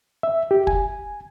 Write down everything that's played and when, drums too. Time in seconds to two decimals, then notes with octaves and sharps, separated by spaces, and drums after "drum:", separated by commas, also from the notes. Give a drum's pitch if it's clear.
0.23 E5
0.51 G4
0.67 G#5, drum: kick